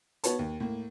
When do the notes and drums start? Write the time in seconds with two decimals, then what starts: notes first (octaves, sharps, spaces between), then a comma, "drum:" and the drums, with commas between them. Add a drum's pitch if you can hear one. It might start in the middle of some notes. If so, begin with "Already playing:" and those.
0.24 B3 F#4 B4 C#5 A5, drum: hi-hat
0.39 D#2
0.60 A2 A#3